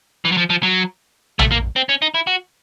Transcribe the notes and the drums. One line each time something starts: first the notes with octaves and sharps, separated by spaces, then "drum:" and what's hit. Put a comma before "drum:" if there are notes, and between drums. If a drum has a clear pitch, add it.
E3
F#3
F3
F3
F#3
A3, drum: tom
A#3
C4
C#4
D#4
E4
F#4